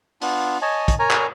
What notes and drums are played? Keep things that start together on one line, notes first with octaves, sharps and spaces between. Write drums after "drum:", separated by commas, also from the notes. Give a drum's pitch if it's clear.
B3 D4 F4, drum: open hi-hat
C#5 D#5 G#5 A5
drum: kick, hi-hat
A#4 C#5 G#5 A#5
drum: clap